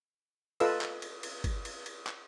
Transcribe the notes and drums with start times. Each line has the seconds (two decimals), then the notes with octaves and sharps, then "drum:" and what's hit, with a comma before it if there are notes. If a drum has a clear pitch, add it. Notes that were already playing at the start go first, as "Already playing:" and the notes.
0.60 F4 A4 B4 D#5 F5 E6, drum: cymbal
0.81 drum: clap
1.02 drum: cymbal
1.23 drum: cymbal
1.44 drum: kick, cymbal
1.65 drum: cymbal
1.86 drum: cymbal
2.07 drum: clap